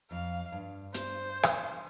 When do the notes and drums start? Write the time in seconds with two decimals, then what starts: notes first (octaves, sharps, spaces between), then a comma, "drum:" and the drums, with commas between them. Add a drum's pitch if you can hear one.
0.11 F2 F5
0.52 G2
0.94 C5, drum: hi-hat
1.43 drum: rim click